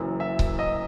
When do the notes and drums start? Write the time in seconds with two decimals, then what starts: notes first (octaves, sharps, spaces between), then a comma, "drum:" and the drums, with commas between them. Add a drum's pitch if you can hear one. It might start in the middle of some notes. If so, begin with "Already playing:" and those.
Already playing: F#1 F#2 E3
0.20 E5
0.39 drum: kick C#1
0.59 D#5